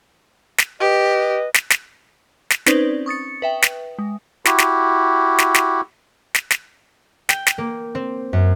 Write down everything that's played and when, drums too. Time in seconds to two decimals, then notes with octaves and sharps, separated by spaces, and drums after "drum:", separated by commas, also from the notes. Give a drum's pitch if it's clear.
0.58 drum: snare
0.80 G4 B4 D#5
1.54 drum: snare
1.70 drum: snare
2.50 drum: snare
2.66 C4 C#4 D#4 B4 C5 D5, drum: snare
3.06 C#6 D#6 A6 C#7
3.42 B4 E5 G5
3.62 drum: snare
3.99 G#3
4.45 E4 F#4 G4, drum: snare
4.58 drum: snare
5.38 drum: snare
5.54 drum: snare
6.34 drum: snare
6.50 drum: snare
7.29 G5, drum: snare
7.47 drum: snare
7.58 A#3
7.95 C4
8.33 F#2